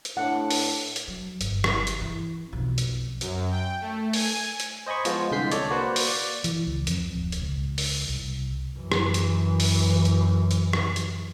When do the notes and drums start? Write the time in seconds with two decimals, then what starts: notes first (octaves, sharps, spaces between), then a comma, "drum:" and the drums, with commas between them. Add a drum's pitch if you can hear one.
0.05 drum: hi-hat
0.17 A2 D4 F#5
0.51 drum: open hi-hat
0.96 drum: hi-hat
1.08 F#3
1.41 G1, drum: hi-hat
1.64 drum: rim click
1.87 drum: hi-hat
2.01 E3
2.52 B1 F2
2.78 drum: hi-hat
3.21 F#2, drum: hi-hat
3.51 G5
3.81 A3
4.13 G#5, drum: open hi-hat
4.60 drum: hi-hat
4.86 C5 D#5 G#5 B5 C#6
5.05 F3 G#3 B3 F4, drum: hi-hat
5.31 C2 D3 G#3 G6 B6 C7
5.52 A4 C#5 D5, drum: hi-hat
5.71 A#3 F#4 B4 C5 D5 F#5
5.96 drum: open hi-hat
6.07 D5
6.44 E3, drum: hi-hat
6.67 C#2
6.87 F2, drum: hi-hat
7.15 D1
7.32 drum: hi-hat
7.42 C#2
7.78 drum: open hi-hat
8.09 C2
8.76 F#2 E3
8.92 drum: rim click
9.14 drum: hi-hat
9.60 drum: open hi-hat
10.05 drum: hi-hat
10.51 drum: hi-hat
10.73 drum: rim click
10.96 drum: hi-hat